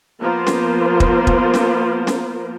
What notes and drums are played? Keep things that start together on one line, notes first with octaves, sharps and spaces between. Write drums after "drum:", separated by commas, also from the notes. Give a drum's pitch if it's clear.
F3 A#3 B3 F4 A#4 C5
drum: snare
drum: kick
drum: kick
drum: snare
drum: snare